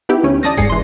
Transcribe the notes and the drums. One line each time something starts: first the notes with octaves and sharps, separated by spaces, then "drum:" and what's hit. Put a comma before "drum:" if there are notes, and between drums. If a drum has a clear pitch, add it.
B3 D#4 E4 G4
D2 C#4
D5 A5 D#6 A#6, drum: snare
G#2 G#4 C7 C#7, drum: kick F1, hi-hat
E3 C6